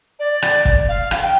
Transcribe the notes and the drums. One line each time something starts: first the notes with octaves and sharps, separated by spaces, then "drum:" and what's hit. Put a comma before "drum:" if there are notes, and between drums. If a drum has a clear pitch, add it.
D5
drum: rim click
drum: kick
F5
drum: rim click
G5